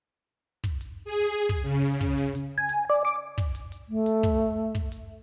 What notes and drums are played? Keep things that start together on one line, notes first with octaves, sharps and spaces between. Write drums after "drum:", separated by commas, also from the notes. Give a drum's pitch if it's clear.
drum: kick, hi-hat
drum: hi-hat
G#4
drum: hi-hat
drum: kick, open hi-hat
C#3
drum: kick, hi-hat
drum: hi-hat
drum: hi-hat
G#5
drum: hi-hat
D5
D6
drum: kick, hi-hat
drum: hi-hat
drum: hi-hat
A3
drum: hi-hat
drum: kick, open hi-hat
drum: kick
drum: hi-hat